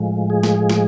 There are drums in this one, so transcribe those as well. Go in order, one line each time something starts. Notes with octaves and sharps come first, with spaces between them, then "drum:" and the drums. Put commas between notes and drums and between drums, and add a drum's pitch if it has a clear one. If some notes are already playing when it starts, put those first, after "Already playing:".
Already playing: A2 F3 G#3
G#4
drum: snare
drum: snare